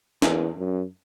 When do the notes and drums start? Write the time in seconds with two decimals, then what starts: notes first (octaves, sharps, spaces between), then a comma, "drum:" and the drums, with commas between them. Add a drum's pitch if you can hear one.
0.22 E2, drum: snare
0.58 F#2